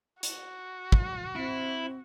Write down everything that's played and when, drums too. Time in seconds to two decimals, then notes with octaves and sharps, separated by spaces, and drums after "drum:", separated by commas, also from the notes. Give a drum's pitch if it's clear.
0.23 F#4, drum: hi-hat
0.92 drum: kick
1.36 C4 E4